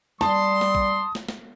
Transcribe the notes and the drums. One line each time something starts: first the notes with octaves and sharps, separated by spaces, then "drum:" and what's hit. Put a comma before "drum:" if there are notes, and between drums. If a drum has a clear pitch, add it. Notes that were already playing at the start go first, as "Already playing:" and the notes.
G3 A5 C6 D#6, drum: snare
drum: snare
drum: kick A#1
drum: snare
drum: snare